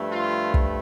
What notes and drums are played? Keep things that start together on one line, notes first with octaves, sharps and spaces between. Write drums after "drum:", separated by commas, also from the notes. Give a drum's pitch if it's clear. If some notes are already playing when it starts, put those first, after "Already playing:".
Already playing: G2 F3 A3
F4
drum: kick